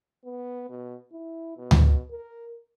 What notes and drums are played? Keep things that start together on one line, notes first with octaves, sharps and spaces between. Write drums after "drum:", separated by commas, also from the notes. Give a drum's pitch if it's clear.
B3
B2
E4
B2
drum: tom D2
A#4